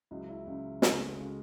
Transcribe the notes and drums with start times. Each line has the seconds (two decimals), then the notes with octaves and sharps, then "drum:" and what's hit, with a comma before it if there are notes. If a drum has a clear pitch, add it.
0.11 C#2 C#3 F#3 E4
0.29 E4
0.47 C#2 C#3 F#3
0.82 C#2 C#3 G#3 F#4, drum: snare
0.94 A4
1.02 G#4
1.07 F#4
1.19 C#3 G#3 G#4